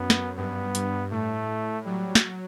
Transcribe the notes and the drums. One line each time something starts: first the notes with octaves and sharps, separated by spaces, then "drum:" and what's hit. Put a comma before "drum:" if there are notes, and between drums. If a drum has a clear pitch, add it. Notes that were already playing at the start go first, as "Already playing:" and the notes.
Already playing: F#2 B3
drum: snare
G2 B3
G2, drum: hi-hat
A2 A3
F#3 G3
drum: snare